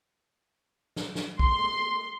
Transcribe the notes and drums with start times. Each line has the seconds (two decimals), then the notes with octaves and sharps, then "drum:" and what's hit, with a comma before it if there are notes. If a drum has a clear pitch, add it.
0.96 drum: snare
1.15 drum: snare
1.39 C6, drum: kick